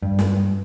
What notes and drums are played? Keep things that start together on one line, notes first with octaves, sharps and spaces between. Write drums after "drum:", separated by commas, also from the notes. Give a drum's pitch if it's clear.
G2
drum: snare